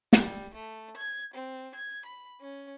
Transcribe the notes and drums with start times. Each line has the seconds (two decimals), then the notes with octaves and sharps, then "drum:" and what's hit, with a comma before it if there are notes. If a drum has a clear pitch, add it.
0.13 G3, drum: snare
0.54 A3
0.96 G#6
1.33 C4
1.75 G#6
2.05 B5
2.41 C#4